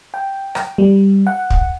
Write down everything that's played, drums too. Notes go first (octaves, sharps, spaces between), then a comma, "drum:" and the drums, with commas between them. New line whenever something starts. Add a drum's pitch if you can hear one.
G5
drum: rim click
G3
F#5
drum: kick